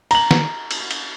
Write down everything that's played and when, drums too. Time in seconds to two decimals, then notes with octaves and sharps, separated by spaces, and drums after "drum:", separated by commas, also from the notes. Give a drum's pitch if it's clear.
0.11 A#5 F#7, drum: cymbal
0.31 drum: snare
0.71 drum: cymbal
0.91 drum: cymbal